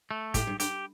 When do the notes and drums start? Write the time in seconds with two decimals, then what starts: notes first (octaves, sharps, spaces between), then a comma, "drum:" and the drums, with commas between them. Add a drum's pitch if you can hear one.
0.11 A3
0.34 A2 G4, drum: kick, hi-hat
0.47 G2
0.60 G2 G4, drum: hi-hat